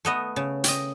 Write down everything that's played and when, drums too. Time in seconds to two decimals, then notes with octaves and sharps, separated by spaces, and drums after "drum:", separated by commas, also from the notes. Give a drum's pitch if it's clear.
0.05 A3 B3 D#5
0.36 C#3
0.64 D#5 G5, drum: hi-hat